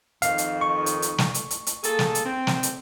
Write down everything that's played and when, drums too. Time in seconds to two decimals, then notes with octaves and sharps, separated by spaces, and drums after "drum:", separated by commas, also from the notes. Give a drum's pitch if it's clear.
0.22 F2 D#3 F5, drum: hi-hat
0.38 drum: hi-hat
0.61 C#6
0.86 drum: hi-hat
1.02 drum: hi-hat
1.18 drum: snare
1.34 drum: hi-hat
1.51 drum: hi-hat
1.67 drum: hi-hat
1.84 A#3 G#4 A4, drum: hi-hat
1.99 drum: snare
2.15 drum: hi-hat
2.24 C4
2.47 drum: snare
2.63 drum: hi-hat